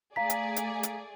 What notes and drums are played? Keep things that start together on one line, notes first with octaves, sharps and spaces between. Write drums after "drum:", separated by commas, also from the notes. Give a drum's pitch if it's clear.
A3 G#4 D5 F5 A#5 B6
drum: hi-hat
drum: hi-hat
drum: hi-hat